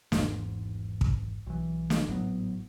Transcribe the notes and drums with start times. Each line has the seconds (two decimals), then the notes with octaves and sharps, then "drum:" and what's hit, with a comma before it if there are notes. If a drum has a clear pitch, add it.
0.12 G#1 E2 G#2, drum: snare
1.01 drum: kick
1.46 B1 E3
1.90 drum: snare
2.07 G#1 A2 F#3 B3